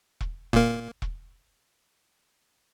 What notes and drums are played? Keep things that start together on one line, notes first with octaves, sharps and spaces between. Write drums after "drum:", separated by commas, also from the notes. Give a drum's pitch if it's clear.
drum: kick E1
A#2 A#3, drum: kick E1
drum: kick E1